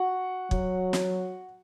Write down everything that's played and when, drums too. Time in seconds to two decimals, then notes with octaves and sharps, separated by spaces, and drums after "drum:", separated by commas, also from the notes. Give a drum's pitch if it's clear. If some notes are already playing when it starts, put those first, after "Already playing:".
Already playing: F#4 F#5
0.51 F#3, drum: kick
0.93 drum: snare